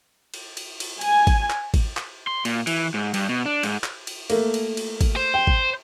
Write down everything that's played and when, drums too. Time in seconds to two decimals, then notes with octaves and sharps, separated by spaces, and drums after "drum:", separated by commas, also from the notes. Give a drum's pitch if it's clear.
0.34 drum: cymbal
0.57 drum: cymbal
0.80 drum: cymbal
1.01 G#5, drum: cymbal
1.27 drum: kick G#1, cymbal
1.50 drum: clap
1.74 drum: kick G#1, cymbal
1.97 drum: clap
2.27 C6
2.45 A#2, drum: cymbal
2.67 E3, drum: cymbal
2.94 G#2
3.14 G2, drum: cymbal
3.29 B2
3.46 D4
3.63 G#2, drum: cymbal
3.84 drum: clap
4.07 drum: cymbal
4.30 A3 A#3, drum: cymbal
4.54 drum: cymbal
4.77 drum: cymbal
5.01 drum: kick G#1, cymbal
5.16 C5
5.34 G5
5.47 drum: kick G#1